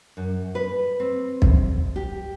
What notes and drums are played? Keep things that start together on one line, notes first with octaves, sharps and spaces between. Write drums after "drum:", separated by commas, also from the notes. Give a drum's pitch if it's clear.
F#2
B4
C4
drum: kick
G4